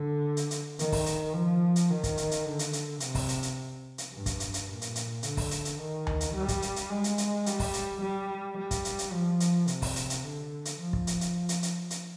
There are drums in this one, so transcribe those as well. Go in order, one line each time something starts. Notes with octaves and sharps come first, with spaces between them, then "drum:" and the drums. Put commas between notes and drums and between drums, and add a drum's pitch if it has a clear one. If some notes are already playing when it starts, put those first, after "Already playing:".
Already playing: D3
drum: hi-hat
drum: hi-hat
D#3, drum: hi-hat
drum: kick, open hi-hat
drum: hi-hat
F3
drum: hi-hat
D#3
drum: kick, hi-hat
drum: hi-hat
drum: hi-hat
D3
drum: hi-hat
drum: hi-hat
C3, drum: hi-hat
drum: kick, open hi-hat
drum: hi-hat
drum: hi-hat
drum: hi-hat
G2
drum: kick, hi-hat
drum: hi-hat
drum: hi-hat
A#2
drum: hi-hat
drum: hi-hat
D3, drum: hi-hat
drum: kick, open hi-hat
drum: hi-hat
drum: hi-hat
D#3
drum: tom D2
drum: hi-hat
G3
drum: kick, hi-hat
drum: hi-hat
drum: hi-hat
G#3
drum: hi-hat
drum: hi-hat
G3, drum: hi-hat
drum: kick, open hi-hat
drum: hi-hat
G3
G3
drum: kick, hi-hat
drum: hi-hat
drum: hi-hat
F3
drum: hi-hat
C3, drum: hi-hat
drum: kick, open hi-hat
drum: hi-hat
drum: hi-hat
D3
drum: hi-hat
F3
drum: kick
drum: hi-hat
drum: hi-hat
drum: hi-hat
drum: hi-hat
drum: hi-hat